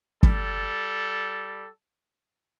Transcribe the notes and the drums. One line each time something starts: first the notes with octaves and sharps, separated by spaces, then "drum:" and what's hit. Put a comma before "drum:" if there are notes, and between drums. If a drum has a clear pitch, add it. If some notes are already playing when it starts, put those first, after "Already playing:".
G3 A4, drum: kick